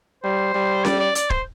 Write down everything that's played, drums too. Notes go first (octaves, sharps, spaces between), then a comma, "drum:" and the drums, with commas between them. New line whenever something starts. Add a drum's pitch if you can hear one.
G3 C5
G3
D5, drum: snare C#4
D5
D5, drum: hi-hat
C5, drum: kick D1